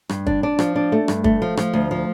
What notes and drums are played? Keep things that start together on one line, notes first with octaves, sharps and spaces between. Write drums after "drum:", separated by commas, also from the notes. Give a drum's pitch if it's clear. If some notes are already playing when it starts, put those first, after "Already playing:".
G2, drum: rim click
D4, drum: kick
D4
F3, drum: rim click
D4
A3
G2, drum: rim click
A3, drum: kick
F3
F3, drum: rim click
D2
F3